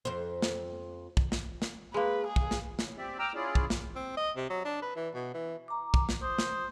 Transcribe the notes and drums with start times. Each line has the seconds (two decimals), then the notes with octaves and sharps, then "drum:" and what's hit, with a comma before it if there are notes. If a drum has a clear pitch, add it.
0.05 F2 C5
0.42 drum: snare
1.17 drum: kick
1.32 drum: snare
1.62 drum: snare
1.94 G#3 A#3 B4
2.27 G#4
2.36 drum: kick
2.51 drum: snare
2.79 A2, drum: snare
2.98 C4 G4 D5 E5
3.19 G5 A#5 D6 E6 F6
3.35 C#4 E4 F4 G#4 D5
3.55 drum: kick
3.70 drum: snare
3.96 C4
4.17 D#5
4.36 C3
4.50 F#3
4.65 D4
4.82 B4
4.96 E3
5.14 B2
5.34 E3
5.68 A#5 D6
5.94 drum: kick
6.09 drum: snare
6.22 C5 D#6
6.38 drum: snare